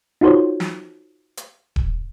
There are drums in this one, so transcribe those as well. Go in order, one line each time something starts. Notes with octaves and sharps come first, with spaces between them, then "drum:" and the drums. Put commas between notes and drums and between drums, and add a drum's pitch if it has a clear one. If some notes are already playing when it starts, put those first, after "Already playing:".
D#4 F4 F#4 A4 C5 C#5
drum: snare
drum: hi-hat
drum: kick D#1